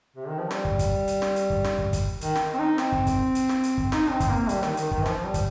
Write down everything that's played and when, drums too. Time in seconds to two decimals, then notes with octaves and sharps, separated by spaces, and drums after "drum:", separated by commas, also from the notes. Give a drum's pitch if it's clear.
0.16 C3
0.28 D#3
0.39 F3
0.51 G3, drum: snare
0.65 drum: kick
0.79 drum: kick, hi-hat
1.08 drum: hi-hat
1.22 drum: snare
1.36 drum: hi-hat
1.50 drum: kick
1.64 drum: snare
1.79 drum: kick
1.93 drum: kick, hi-hat
2.21 D#3, drum: hi-hat
2.35 drum: snare
2.54 C4
2.59 D#4
2.78 C4, drum: snare
2.92 drum: kick
3.07 drum: kick, hi-hat
3.35 drum: hi-hat
3.49 drum: snare
3.63 drum: hi-hat
3.78 drum: kick
3.92 D#4, drum: snare
4.10 C4
4.20 drum: kick, hi-hat
4.30 A#3
4.49 G3, drum: hi-hat
4.63 D#3, drum: snare
4.77 D#3, drum: hi-hat
4.91 D#3, drum: kick
5.06 F3, drum: snare
5.25 G3
5.34 drum: kick, hi-hat